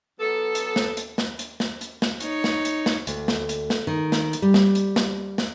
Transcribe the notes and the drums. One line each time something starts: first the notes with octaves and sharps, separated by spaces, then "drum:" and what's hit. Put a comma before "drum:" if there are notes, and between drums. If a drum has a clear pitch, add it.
F#3 B3 A4
drum: hi-hat
drum: snare
drum: hi-hat
drum: snare
drum: hi-hat
drum: snare
drum: hi-hat
drum: snare
D#4 C#5, drum: hi-hat
drum: snare
drum: hi-hat
drum: snare
D2, drum: hi-hat
drum: snare
drum: hi-hat
drum: snare
D#3
drum: snare
drum: hi-hat
G3
drum: snare
drum: hi-hat
drum: snare
drum: snare